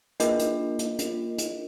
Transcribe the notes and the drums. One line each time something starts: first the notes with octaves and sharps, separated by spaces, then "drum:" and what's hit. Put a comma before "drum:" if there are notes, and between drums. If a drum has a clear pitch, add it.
A#3 D4 F4 A#4 D#5, drum: hi-hat
drum: hi-hat
drum: hi-hat
drum: hi-hat
drum: hi-hat